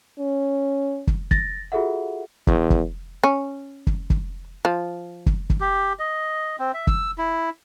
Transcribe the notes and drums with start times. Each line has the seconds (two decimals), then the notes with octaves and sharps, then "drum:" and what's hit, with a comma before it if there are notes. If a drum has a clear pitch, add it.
0.19 C#4
1.07 drum: kick
1.31 A6 A#6, drum: kick
1.72 F4 F#4 G#4 A4 E5 F#5
2.47 E2, drum: kick
2.70 drum: kick
3.24 C#4
3.87 drum: kick
4.10 drum: kick
4.65 F3
5.26 drum: kick
5.50 drum: kick
5.61 G4
5.99 D#5
6.59 C4
6.74 E5
6.87 E6, drum: kick
7.18 E4